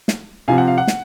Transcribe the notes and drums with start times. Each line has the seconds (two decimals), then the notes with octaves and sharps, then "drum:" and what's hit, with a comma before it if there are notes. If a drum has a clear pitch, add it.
0.08 drum: snare
0.48 C3 F3 C4 F5 G#5
0.58 F#5
0.68 F5
0.78 F#5
0.88 drum: snare